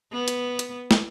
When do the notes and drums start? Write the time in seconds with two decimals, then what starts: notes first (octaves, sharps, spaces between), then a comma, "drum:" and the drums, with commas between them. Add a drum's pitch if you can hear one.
0.12 B3
0.28 drum: hi-hat
0.59 drum: hi-hat
0.91 drum: snare